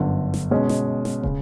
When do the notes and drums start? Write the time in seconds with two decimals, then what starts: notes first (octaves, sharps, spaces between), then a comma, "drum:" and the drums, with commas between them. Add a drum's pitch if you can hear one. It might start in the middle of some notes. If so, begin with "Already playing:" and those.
Already playing: G1 F#2 D3
0.34 drum: snare
0.51 B2 G#3 C#4
0.69 drum: snare
1.05 drum: snare
1.23 C#3, drum: kick